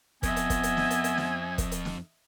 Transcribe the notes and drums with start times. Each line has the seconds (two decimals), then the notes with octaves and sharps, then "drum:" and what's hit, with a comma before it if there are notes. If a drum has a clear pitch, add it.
0.23 F2 B3 D#5 E5 G#5, drum: kick, hi-hat
0.36 drum: hi-hat
0.50 drum: kick, hi-hat
0.63 drum: hi-hat
0.77 drum: snare
0.90 drum: hi-hat
1.04 drum: hi-hat
1.17 drum: snare
1.58 drum: kick, hi-hat
1.72 drum: hi-hat
1.85 drum: snare